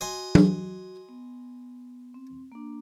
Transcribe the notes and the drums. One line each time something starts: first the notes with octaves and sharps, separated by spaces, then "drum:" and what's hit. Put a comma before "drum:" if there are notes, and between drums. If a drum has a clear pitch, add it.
F#4 D#5 G#5 C6
drum: tom F#3
B3
C4
A#3 D4